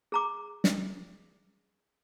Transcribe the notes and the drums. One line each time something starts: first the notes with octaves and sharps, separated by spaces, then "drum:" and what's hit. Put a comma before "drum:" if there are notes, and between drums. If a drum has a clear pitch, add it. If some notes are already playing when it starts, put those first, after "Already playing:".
G#4 A#5 D6
drum: snare